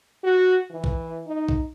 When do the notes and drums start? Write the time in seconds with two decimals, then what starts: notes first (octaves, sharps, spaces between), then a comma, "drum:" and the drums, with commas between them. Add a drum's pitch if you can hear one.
0.24 F#4
0.70 E3
0.84 drum: kick
1.27 D#4
1.49 drum: kick